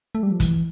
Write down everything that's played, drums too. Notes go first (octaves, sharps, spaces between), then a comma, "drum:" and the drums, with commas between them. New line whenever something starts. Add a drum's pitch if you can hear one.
A3
G3
F3
E3, drum: kick, hi-hat